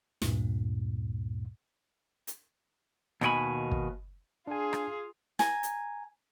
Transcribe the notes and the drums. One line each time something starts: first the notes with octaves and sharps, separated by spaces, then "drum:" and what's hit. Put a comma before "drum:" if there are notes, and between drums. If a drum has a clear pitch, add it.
D2 G2 A#2, drum: snare
drum: hi-hat
D#2 B2 D#3 D#4 G#5 B5, drum: rim click
drum: kick
D4 F4 G#4 G#5
drum: rim click
G#5 A#5, drum: snare
drum: hi-hat